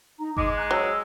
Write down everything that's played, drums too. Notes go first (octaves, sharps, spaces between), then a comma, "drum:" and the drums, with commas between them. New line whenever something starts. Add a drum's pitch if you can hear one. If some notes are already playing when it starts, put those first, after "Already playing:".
D#4 A#5
G#3 D6, drum: kick G1
G#5 A#5 F#6
F#3 E6